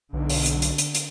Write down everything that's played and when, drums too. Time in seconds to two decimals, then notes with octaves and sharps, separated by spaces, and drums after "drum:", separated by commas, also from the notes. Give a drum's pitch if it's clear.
0.13 B1 D3
0.30 drum: open hi-hat
0.46 drum: hi-hat
0.62 drum: hi-hat
0.78 drum: hi-hat
0.95 drum: hi-hat